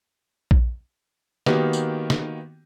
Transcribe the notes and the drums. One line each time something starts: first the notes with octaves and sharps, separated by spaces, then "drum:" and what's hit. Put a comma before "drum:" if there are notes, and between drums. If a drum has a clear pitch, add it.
drum: kick A#1
D#3 A#3 B3 F#4 G4, drum: snare
drum: tambourine
drum: snare